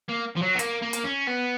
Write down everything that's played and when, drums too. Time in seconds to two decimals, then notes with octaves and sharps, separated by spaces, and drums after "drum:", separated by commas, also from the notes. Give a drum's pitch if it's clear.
0.09 A#3
0.36 F3
0.41 F#3
0.55 B3
0.59 A#3, drum: hi-hat
0.82 A#3
0.93 drum: hi-hat
1.05 C#4
1.27 B3